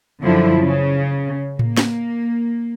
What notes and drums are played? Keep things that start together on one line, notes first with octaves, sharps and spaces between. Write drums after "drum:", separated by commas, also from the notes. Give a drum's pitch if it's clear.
F#2 D3 F3 E4
C#3
A#3, drum: tom A2
drum: snare